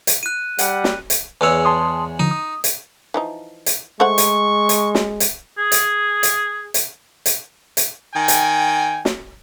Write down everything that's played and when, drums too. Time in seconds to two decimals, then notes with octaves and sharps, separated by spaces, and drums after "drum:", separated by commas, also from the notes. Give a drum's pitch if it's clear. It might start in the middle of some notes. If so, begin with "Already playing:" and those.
0.07 drum: hi-hat
0.23 F#6 D#7
0.59 G3 F#5, drum: hi-hat
0.84 drum: snare
1.10 drum: hi-hat
1.41 E2 G#3 C#5 G#5 E6
1.65 A5 C6 D#6
2.20 D3 F3 D#4
2.31 D#6
2.64 drum: hi-hat
3.14 E3 F3 D#4
3.66 drum: hi-hat
4.00 G#3 A3 C5 F#5 C#6
4.18 drum: hi-hat
4.69 drum: hi-hat
4.95 drum: snare
5.20 drum: hi-hat
5.58 G#4
5.72 drum: hi-hat
6.23 drum: hi-hat
6.74 drum: hi-hat
7.26 drum: hi-hat
7.77 drum: hi-hat
8.15 D#3 G5 G#5
8.28 drum: hi-hat
9.05 drum: snare